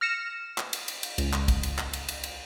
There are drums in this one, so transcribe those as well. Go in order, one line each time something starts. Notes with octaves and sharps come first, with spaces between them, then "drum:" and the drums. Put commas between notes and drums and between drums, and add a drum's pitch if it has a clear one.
F6 A#6 C#7 E7
drum: clap
drum: cymbal
drum: cymbal
drum: cymbal
C#2, drum: cymbal
drum: clap
drum: kick A#1, cymbal
drum: cymbal
drum: clap
drum: cymbal
drum: cymbal
drum: cymbal